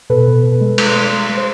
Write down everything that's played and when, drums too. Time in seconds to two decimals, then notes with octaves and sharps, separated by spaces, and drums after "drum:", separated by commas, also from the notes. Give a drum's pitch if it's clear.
0.10 B2 A4 B4
0.28 B2
0.44 B2
0.61 G#3
0.78 G#3, drum: cymbal
0.96 G#3
1.13 G#3
1.29 G#3
1.38 C5